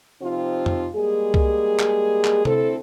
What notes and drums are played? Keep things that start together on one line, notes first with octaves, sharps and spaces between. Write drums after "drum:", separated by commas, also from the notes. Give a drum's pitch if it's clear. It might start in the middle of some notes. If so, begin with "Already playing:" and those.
C3 F3 C4 D#4 F4
drum: tom F2
G3 G#3 A#3 G#4
drum: kick C2
drum: clap
drum: clap
D2 C4 E4 A4, drum: tom C3